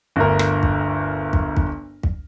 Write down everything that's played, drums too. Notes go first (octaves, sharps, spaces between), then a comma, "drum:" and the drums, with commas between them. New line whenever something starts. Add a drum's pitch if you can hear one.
G1 D2 A#4
drum: rim click
drum: kick
drum: kick
drum: kick
drum: kick